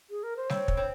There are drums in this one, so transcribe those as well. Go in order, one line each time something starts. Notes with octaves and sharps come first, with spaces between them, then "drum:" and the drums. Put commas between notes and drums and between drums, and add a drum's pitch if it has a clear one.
G#4
A#4
C5
C4 C#5, drum: snare G3
drum: kick
C4